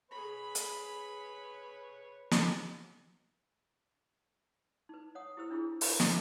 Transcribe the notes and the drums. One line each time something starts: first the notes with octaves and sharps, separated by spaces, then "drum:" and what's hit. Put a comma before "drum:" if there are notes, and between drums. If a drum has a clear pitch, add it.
G#4 B4 C#5 B5
drum: hi-hat
drum: snare
D#4 B4
C#5 F#5 D#6
E4 G4 C5 E6
D4 E4 F4 G#4
F4, drum: open hi-hat
B4 C5 E5 G5, drum: snare